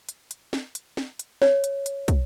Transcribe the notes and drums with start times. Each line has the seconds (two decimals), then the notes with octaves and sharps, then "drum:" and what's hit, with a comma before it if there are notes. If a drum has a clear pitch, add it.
0.09 drum: hi-hat
0.31 drum: hi-hat
0.53 drum: snare
0.75 drum: hi-hat
0.97 drum: snare
1.19 drum: hi-hat
1.42 C#5, drum: snare
1.64 drum: hi-hat
1.86 drum: hi-hat
2.08 drum: kick, hi-hat